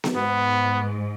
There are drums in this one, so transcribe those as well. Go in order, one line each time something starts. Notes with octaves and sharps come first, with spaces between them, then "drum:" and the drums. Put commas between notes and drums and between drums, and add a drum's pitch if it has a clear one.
drum: snare B3
G#2 B3